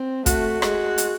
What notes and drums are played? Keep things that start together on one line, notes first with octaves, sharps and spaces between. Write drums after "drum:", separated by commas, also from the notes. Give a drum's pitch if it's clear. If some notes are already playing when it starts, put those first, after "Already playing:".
Already playing: C4
A3 F#4, drum: kick, hi-hat
G#3, drum: rim click
drum: hi-hat